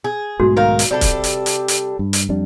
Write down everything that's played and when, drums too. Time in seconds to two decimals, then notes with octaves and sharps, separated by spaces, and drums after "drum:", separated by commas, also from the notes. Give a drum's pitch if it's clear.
0.04 G#4
0.40 B1 G#2 A3 F#4
0.57 D#3 A#4 F5
0.79 drum: hi-hat
0.91 C3 G3 D4 A4
1.01 drum: kick C#1, hi-hat
1.24 drum: hi-hat
1.46 drum: hi-hat
1.68 drum: hi-hat
1.99 G2
2.13 drum: hi-hat
2.29 F2 G3 D4